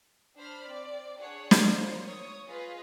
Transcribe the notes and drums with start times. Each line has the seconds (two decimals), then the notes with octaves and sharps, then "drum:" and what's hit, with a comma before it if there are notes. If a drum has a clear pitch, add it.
0.36 D4 C5 B5 F6
0.65 C4 D5
1.21 D4 G#4 C#5 F#5
1.51 drum: snare
1.65 F4 A#4 C5 C#5
2.06 C#5 C#6 D#6
2.48 F4 G#4 B4 D#5 F5